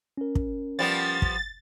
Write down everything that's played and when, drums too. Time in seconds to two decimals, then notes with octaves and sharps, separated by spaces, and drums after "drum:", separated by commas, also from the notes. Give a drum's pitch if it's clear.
0.18 C#4 A#4
0.35 drum: kick
0.79 F3 G3 B3 A6
1.22 drum: kick